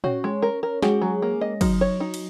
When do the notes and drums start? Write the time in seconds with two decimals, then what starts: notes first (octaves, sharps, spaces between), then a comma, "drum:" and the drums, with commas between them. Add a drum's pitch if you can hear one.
0.04 C#4 F#4 C#5, drum: tom A#2
0.24 G#3
0.42 A#4
0.63 A#4
0.82 G#3 F#4 G#4, drum: snare
1.02 F#3
1.22 A#3
1.41 D#5
1.61 F#3 D#4, drum: kick, cymbal
1.81 C#5
2.00 D#4
2.14 drum: cymbal